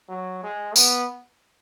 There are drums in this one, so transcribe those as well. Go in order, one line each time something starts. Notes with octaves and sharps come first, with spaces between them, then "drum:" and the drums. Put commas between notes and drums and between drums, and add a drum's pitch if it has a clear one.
F#3
G#3
B3, drum: tambourine